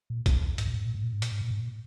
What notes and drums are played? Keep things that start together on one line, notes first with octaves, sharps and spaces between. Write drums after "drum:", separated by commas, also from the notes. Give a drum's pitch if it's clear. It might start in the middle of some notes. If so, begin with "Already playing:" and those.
A#2
drum: kick A#1, hi-hat
E2
G#2, drum: hi-hat
A#2
G#2
A#2
G#2
A#2
G#2
A#2, drum: hi-hat
G#2
A#2
G#2
A#2